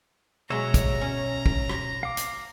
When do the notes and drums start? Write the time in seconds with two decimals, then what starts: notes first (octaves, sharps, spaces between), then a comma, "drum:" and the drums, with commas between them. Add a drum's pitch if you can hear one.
0.50 B2 F#3 G#3 C#5 E5 A#5
0.74 drum: kick, hi-hat
1.01 C#4
1.46 drum: kick
1.69 drum: rim click
2.03 F5 D6
2.17 drum: hi-hat